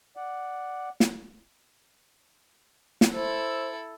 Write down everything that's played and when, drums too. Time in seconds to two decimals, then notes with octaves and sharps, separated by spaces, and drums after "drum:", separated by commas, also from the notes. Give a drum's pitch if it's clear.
0.17 D5 F#5
1.00 drum: snare
3.01 drum: snare
3.13 E4 A4 C5